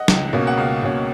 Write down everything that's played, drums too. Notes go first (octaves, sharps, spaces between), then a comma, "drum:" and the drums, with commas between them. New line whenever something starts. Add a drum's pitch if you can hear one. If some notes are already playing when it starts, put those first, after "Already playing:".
Already playing: D#5 F#5
C#2, drum: snare
B2 A#3 C#4
F#5
C#2 F5
B2 A#3 C#4